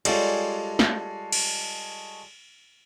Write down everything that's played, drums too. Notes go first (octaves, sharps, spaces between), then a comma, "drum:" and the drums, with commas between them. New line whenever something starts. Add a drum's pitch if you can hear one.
G3 G#3 F4 A4 C#5, drum: cymbal
drum: snare
drum: cymbal